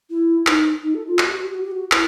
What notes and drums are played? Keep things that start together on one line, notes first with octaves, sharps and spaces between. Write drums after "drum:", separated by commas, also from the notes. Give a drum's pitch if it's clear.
E4
D#4, drum: clap
D#4
A4
F4
F#4, drum: clap
G4
F#4
G4
F#4
G4
F#4
E4, drum: clap